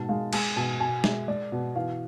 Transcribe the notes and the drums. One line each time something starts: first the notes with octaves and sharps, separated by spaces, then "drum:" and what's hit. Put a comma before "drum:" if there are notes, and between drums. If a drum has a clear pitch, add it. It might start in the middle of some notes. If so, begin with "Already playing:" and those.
Already playing: G#2 B2 A5
G#3 F5
G#3 G#5, drum: cymbal
B2 G#5
B2 G#5
G#3 E5, drum: snare
G#3 D5
B2
E3 F5